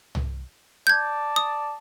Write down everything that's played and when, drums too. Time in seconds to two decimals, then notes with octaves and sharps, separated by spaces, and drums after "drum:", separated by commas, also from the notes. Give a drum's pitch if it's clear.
0.15 drum: tom C2
0.87 D5 A5 G6 G#6
1.36 D#6